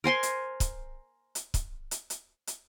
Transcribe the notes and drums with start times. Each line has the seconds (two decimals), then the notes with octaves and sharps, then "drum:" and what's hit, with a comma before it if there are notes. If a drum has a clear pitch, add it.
0.04 A#4 C5 G#5 C6
0.23 drum: hi-hat
0.60 drum: kick, hi-hat
1.35 drum: hi-hat
1.54 drum: kick, hi-hat
1.91 drum: hi-hat
2.10 drum: hi-hat
2.47 drum: hi-hat